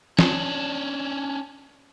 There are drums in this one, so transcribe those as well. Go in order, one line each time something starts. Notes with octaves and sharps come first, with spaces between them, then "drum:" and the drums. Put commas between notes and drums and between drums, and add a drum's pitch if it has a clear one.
C#4 D4, drum: snare